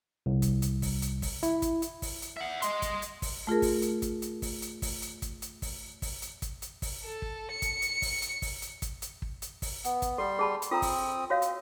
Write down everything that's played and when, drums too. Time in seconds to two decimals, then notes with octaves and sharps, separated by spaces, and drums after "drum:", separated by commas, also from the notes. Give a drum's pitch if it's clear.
0.26 C2
0.42 drum: kick, hi-hat
0.62 drum: hi-hat
0.82 drum: kick, open hi-hat
1.02 drum: hi-hat
1.22 drum: kick, open hi-hat
1.43 E4, drum: hi-hat
1.62 drum: kick, hi-hat
1.82 drum: hi-hat
2.02 drum: kick, open hi-hat
2.22 drum: hi-hat
2.37 E5 F#5
2.62 D#5 C6, drum: hi-hat
2.82 drum: kick, hi-hat
3.02 drum: hi-hat
3.22 drum: kick, open hi-hat
3.47 A3 F4 G#4 A#4
3.62 drum: kick, open hi-hat
3.82 drum: hi-hat
4.02 drum: kick, hi-hat
4.22 drum: hi-hat
4.42 drum: kick, open hi-hat
4.62 drum: hi-hat
4.82 drum: kick, open hi-hat
5.02 drum: hi-hat
5.22 drum: kick, hi-hat
5.42 drum: hi-hat
5.62 drum: kick, open hi-hat
6.02 drum: kick, open hi-hat
6.22 drum: hi-hat
6.42 drum: kick, hi-hat
6.62 drum: hi-hat
6.82 drum: kick, open hi-hat
7.05 A4
7.22 drum: kick
7.51 C#7
7.62 drum: kick, hi-hat
7.82 drum: hi-hat
8.02 drum: kick, open hi-hat
8.22 drum: hi-hat
8.42 drum: kick, open hi-hat
8.62 drum: hi-hat
8.82 drum: kick, hi-hat
9.02 drum: hi-hat
9.22 drum: kick
9.42 drum: hi-hat
9.62 drum: kick, open hi-hat
9.85 B3, drum: hi-hat
10.02 drum: kick, hi-hat
10.18 G3 A4 C6
10.39 G#4 A5 B5
10.62 drum: hi-hat
10.71 C4 F4 A4 A#5 D#6
10.82 drum: kick, open hi-hat
11.30 F#4 C#5 F5
11.42 drum: hi-hat